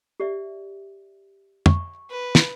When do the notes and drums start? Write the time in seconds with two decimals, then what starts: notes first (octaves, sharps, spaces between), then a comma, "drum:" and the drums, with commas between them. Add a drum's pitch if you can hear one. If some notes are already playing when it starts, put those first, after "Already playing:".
0.20 G4 D5 E5
1.66 C#6, drum: tom
2.11 B4
2.35 drum: snare